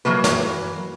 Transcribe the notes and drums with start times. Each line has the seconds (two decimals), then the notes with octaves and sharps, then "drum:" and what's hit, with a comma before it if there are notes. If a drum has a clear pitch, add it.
0.05 E3 F#3 A#3 B4
0.24 drum: snare